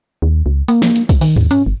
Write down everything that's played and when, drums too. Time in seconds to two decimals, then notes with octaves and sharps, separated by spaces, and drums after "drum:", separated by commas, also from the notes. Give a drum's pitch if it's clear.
0.22 D#2
0.46 C#2
0.68 A#3, drum: hi-hat
0.82 drum: snare
0.96 drum: hi-hat
1.09 drum: kick, hi-hat
1.21 D#3, drum: open hi-hat
1.36 D#2, drum: tom G2
1.51 C#4, drum: hi-hat
1.66 G1